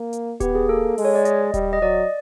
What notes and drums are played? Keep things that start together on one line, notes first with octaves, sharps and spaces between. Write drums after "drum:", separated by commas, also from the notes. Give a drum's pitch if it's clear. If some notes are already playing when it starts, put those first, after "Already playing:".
Already playing: A#3
drum: hi-hat
B3 G4, drum: kick D#1, hi-hat
G#4
A#3 A4
G#3, drum: open hi-hat
C#5
D5
D#5, drum: hi-hat
G3, drum: kick D#1, hi-hat
D#5
F#3 D5